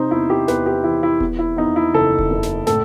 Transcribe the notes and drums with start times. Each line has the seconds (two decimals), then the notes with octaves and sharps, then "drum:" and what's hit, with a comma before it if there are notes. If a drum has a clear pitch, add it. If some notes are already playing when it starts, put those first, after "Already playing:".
Already playing: C3 D#4 C5
0.11 E2 E4
0.30 G4
0.48 E2 B4, drum: snare
0.66 G4
0.84 E3 E4
1.03 E4
1.20 E2, drum: kick E1
1.39 E4
1.57 E2 D#4
1.76 E4
1.94 F#1 A4
2.19 drum: kick E1
2.30 F#1
2.43 drum: snare
2.67 A2 A4, drum: snare